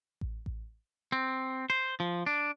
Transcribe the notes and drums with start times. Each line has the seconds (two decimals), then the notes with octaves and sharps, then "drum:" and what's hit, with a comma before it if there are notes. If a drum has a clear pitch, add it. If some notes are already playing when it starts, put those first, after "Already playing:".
0.21 drum: kick A1
0.46 drum: kick A1
1.12 C4
1.70 C5
2.00 F3
2.26 D4